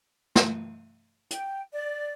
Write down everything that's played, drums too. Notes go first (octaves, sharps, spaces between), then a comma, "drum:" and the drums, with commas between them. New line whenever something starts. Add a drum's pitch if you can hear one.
drum: snare
G5, drum: hi-hat
D5